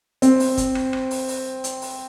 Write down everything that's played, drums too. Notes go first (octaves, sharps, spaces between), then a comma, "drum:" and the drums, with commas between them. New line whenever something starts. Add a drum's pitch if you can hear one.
C4, drum: hi-hat
drum: open hi-hat
drum: kick, hi-hat
drum: rim click
drum: rim click
drum: open hi-hat
drum: open hi-hat
drum: hi-hat
drum: open hi-hat